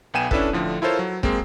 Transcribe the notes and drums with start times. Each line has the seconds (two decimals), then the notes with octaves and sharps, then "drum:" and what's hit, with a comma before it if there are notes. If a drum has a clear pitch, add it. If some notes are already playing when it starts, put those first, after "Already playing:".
0.14 B1 B3 G5 G#5 D#7 E7
0.31 C#4 D4 E4 A4 B4, drum: kick
0.53 A2 D3 F3
0.82 E4 F4 A4 A#4 C5 C#5
0.99 F#3
1.23 G#3 A#3 C4, drum: kick